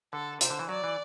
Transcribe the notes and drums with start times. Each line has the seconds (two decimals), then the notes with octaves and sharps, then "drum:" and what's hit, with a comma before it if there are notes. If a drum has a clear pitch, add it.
0.13 D3 A4
0.41 C3 C5, drum: hi-hat
0.50 D3
0.59 E3
0.69 F#3 D5
0.84 E3